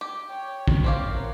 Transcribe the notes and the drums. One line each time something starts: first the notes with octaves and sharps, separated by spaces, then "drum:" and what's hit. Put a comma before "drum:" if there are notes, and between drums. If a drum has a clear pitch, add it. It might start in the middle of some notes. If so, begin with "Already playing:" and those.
G4
C#5 G5
drum: kick
C4 G4 F5
A#4 C#5 F#5